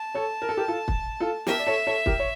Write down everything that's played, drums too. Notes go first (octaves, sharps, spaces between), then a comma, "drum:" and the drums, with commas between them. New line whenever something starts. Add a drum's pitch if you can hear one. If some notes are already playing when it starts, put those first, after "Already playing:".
Already playing: A5
A4 C#5
A#4
A4
G4 A#4
F4 A4
drum: kick
F4 A4
G4 A#4 E5, drum: snare
D5
A4 C#5
A4 C#5
G4 A#4, drum: kick
C#5